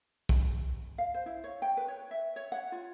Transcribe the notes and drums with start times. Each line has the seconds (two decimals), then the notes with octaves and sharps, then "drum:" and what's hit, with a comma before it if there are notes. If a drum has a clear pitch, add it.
0.29 drum: kick
0.98 F5
1.14 C5
1.26 E4
1.44 C#5
1.62 G5
1.77 B4
1.88 C#5
2.11 E5
2.36 C#5
2.52 F#5
2.72 F4